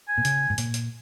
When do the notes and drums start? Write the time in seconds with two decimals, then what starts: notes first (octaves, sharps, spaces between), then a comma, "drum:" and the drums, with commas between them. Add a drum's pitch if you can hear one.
0.08 G#5
0.18 A#2
0.25 C#3, drum: hi-hat
0.50 G#2
0.58 A#2, drum: hi-hat
0.74 drum: hi-hat